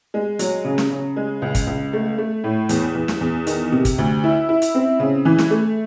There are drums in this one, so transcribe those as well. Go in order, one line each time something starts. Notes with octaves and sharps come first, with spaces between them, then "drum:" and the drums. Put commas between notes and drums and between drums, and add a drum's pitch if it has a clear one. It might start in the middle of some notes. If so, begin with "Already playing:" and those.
G#3
F#3, drum: hi-hat
C#3
drum: snare
C#3
G#3
C#2
drum: kick, hi-hat
C#2
A3
A3
A2
E2, drum: hi-hat
E2
drum: snare
E2
D#3, drum: hi-hat
C3
drum: kick, hi-hat
D2
E4
E4
drum: hi-hat
C4
C#3
E3
drum: snare
A3